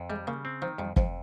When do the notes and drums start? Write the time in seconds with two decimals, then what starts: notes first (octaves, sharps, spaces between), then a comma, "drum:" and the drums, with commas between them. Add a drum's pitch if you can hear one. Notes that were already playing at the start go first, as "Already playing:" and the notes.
Already playing: F2
0.10 G3 G#3
0.27 C#3 A#3
0.45 C4
0.62 D#3 F3
0.78 F2 G3
0.96 F2 F3, drum: kick